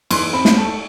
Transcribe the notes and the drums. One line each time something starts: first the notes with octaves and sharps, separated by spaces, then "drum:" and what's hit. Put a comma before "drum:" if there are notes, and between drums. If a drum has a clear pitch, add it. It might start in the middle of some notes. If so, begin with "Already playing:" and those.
E3 C6, drum: cymbal
C4 B5
drum: snare
A3 A5